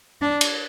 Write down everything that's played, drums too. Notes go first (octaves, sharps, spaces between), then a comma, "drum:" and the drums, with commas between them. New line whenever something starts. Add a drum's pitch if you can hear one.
D4
drum: cymbal